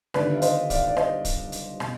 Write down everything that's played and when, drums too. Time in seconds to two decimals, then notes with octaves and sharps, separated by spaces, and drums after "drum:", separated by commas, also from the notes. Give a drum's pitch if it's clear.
0.14 G1 G2 D#3 B4 D5, drum: rim click
0.36 F5
0.42 C5 D#5, drum: hi-hat
0.70 D5 F5, drum: kick, hi-hat
0.88 D5
0.97 C5 D#5, drum: rim click
1.25 drum: kick, hi-hat
1.52 drum: hi-hat
1.80 B2, drum: rim click